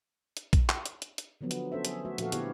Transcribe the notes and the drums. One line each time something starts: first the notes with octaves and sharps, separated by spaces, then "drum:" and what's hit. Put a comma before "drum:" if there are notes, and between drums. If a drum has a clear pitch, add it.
drum: hi-hat
drum: kick A#1, hi-hat
drum: clap
drum: hi-hat
drum: hi-hat
drum: hi-hat
D3 F3 F#3 B3
drum: hi-hat
C#4 A4 C5 E5
G#4, drum: hi-hat
A3 F#4 E5
A#2 F3 F#4 A4 F5, drum: hi-hat
D3 B3 E4 G4 C#5, drum: hi-hat